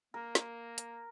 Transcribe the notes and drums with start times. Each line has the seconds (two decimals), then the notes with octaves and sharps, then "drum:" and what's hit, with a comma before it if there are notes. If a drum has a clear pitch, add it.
0.14 A#3 A#4
0.35 drum: snare
0.78 drum: hi-hat